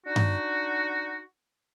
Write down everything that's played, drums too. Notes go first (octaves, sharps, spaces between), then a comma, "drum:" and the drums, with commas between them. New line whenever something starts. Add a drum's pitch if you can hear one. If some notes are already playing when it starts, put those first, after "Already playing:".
D4 D#4 F#4
drum: tom G2